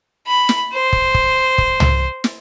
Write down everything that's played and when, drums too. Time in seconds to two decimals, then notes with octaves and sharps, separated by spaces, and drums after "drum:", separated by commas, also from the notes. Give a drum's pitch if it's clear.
0.27 B5
0.49 drum: snare
0.73 C5
0.93 drum: kick
1.14 drum: kick
1.58 drum: kick
1.80 drum: tom
2.24 drum: snare